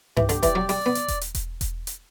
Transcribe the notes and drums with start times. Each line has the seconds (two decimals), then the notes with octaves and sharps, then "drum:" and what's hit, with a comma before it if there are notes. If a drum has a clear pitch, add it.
0.17 E3 G4, drum: tom G2
0.29 D3, drum: hi-hat
0.43 E3 D5, drum: kick E1, hi-hat
0.55 F#3
0.69 G3 D5, drum: open hi-hat
0.86 B3
0.95 drum: hi-hat
1.08 drum: kick E1, hi-hat
1.21 drum: hi-hat
1.35 drum: kick E1, hi-hat
1.61 drum: kick E1, hi-hat
1.87 drum: hi-hat